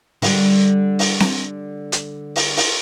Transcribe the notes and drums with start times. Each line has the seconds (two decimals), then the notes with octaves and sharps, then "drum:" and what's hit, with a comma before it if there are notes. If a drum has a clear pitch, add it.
0.22 D3 G3, drum: open hi-hat
0.99 drum: open hi-hat
1.20 drum: snare C4
1.92 drum: hi-hat
2.36 drum: open hi-hat
2.57 drum: open hi-hat